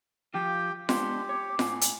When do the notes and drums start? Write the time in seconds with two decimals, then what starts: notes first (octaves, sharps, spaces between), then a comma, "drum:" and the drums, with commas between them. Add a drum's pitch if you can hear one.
0.34 F3 F4 G4 G5
0.89 G#3 B3 D4 G4 C6, drum: snare F4
1.29 C#5 D6
1.59 A2 G#5, drum: snare F4
1.81 drum: hi-hat